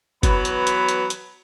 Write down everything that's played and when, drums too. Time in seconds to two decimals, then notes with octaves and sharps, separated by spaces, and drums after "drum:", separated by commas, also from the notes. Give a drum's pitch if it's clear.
0.23 E3 F#3 B3 B5, drum: kick F#1, hi-hat
0.45 drum: hi-hat
0.67 drum: hi-hat
0.89 drum: hi-hat
1.10 drum: hi-hat